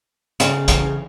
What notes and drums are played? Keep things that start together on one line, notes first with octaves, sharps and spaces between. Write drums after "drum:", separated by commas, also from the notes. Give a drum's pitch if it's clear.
C#3, drum: hi-hat
E3, drum: hi-hat